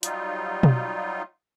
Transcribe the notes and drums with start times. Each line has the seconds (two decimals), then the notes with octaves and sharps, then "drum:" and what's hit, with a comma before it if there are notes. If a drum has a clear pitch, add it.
0.03 F#3 G3 D#4 F4, drum: hi-hat
0.63 drum: tom B2